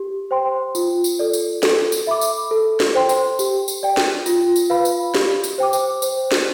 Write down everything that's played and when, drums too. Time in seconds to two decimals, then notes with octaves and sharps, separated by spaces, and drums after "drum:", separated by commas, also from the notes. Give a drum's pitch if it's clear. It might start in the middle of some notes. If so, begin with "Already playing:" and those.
Already playing: G4
0.31 C5 G5 C6
0.75 F4, drum: tambourine
1.04 drum: tambourine
1.19 A4 D5
1.33 drum: tambourine
1.63 A4, drum: snare
1.92 drum: tambourine
2.07 E5 B5 D6
2.21 drum: tambourine
2.51 A4
2.80 drum: snare
2.95 C5 G5 C6
3.09 drum: tambourine
3.39 G4, drum: tambourine
3.68 drum: tambourine
3.83 D5 G5
3.97 drum: snare
4.26 F4, drum: tambourine
4.56 drum: tambourine
4.70 B4 F5 B5
4.85 drum: tambourine
5.15 G4, drum: snare
5.44 drum: tambourine
5.58 C5 G5 D6
5.73 drum: tambourine
6.02 C5, drum: tambourine
6.32 drum: snare